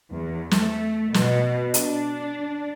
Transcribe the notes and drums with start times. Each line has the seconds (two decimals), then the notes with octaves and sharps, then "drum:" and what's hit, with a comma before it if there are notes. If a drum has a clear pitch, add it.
0.11 E2
0.51 A3, drum: snare
1.14 B2, drum: snare
1.74 D4, drum: hi-hat